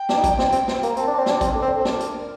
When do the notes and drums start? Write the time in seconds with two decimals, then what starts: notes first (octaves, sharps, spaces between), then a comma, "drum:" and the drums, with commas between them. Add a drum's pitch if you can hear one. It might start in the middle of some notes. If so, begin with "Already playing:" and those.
Already playing: G5
0.09 D4, drum: snare
0.17 D#4
0.24 D4, drum: kick A1, hi-hat
0.39 C4, drum: snare
0.52 C4, drum: hi-hat
0.68 C4, drum: snare
0.83 A#3, drum: hi-hat
0.87 A#5
0.97 C4 A5, drum: hi-hat
1.07 D4 A5
1.18 C4
1.26 D4 G5, drum: snare
1.41 C4 A#4, drum: kick A1, hi-hat
1.51 D4 A4
1.62 C4
1.74 A4
1.80 C4
1.85 D4 A#4, drum: snare
2.00 drum: hi-hat